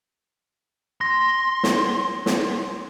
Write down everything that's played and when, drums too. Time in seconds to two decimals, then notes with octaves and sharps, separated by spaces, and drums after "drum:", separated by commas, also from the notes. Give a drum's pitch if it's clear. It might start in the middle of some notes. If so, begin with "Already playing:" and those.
1.01 C6 A#6
1.63 drum: snare
2.26 drum: snare